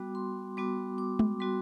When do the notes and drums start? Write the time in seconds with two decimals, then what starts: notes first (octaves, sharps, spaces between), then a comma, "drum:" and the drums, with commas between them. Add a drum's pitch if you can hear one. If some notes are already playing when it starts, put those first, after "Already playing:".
Already playing: G3 B3 F#4 D6
0.15 C6
0.57 G3 B3 F#4 D6
0.98 D6
1.19 drum: tom G#3
1.40 G3 B3 F#4 C6